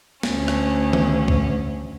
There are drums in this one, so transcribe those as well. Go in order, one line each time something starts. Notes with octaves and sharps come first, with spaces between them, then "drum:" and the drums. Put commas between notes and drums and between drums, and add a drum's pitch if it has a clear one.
D2 C#4, drum: snare
drum: rim click
drum: tom D#3
drum: kick C#2